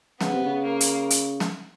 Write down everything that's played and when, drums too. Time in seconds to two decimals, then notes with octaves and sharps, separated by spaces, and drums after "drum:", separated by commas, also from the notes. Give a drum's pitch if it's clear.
0.21 C#3 B3, drum: snare
0.33 C3
0.45 C#3
0.65 A#3
0.81 drum: hi-hat
1.10 drum: hi-hat
1.40 drum: snare